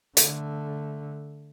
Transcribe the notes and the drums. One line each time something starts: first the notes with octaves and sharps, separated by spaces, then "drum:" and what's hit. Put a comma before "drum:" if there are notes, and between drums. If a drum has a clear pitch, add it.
D3 A3, drum: hi-hat